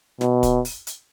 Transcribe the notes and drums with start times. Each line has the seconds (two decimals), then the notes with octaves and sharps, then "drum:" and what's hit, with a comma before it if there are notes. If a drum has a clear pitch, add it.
0.21 B2, drum: snare
0.43 drum: kick, hi-hat
0.65 drum: open hi-hat
0.87 drum: hi-hat